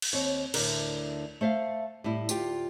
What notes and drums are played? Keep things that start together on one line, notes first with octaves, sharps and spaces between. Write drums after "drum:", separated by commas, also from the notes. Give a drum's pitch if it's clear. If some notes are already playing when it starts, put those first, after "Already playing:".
drum: cymbal
D#2 C4 C#5
D2 A2 D3 A#4, drum: cymbal
A3 C5 E5 F5
A2 G3 E4
D2 F4 G4 G5, drum: tambourine